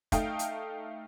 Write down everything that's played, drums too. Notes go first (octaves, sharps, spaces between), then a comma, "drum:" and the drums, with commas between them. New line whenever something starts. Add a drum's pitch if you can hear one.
A3 D#4 F5 G5 A5 D#6, drum: kick, hi-hat
drum: hi-hat